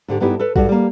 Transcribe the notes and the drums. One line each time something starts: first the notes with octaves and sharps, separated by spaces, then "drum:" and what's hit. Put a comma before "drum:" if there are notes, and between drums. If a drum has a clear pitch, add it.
G#2 D3 G4
G2 B3 D#4 E4 G4 G#5
A4 B4
G2 G3 F#4, drum: kick
G3 A#3